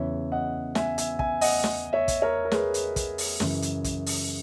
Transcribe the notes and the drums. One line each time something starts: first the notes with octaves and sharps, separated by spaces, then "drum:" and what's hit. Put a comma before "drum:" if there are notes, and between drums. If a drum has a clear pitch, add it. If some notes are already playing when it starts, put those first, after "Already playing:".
Already playing: E2 C#3 E3 C#5 E5
D#5 F#5
E5 G#5, drum: snare
E5 G#5, drum: hi-hat
E5 G#5, drum: kick
D#5 F#5, drum: open hi-hat
drum: snare
C#5 E5
drum: kick, hi-hat
A#4 C#5
A#4
G#4 B4, drum: snare
drum: hi-hat
drum: kick, hi-hat
drum: open hi-hat
F#2 C#3 E3, drum: snare
drum: hi-hat
drum: kick, hi-hat
drum: open hi-hat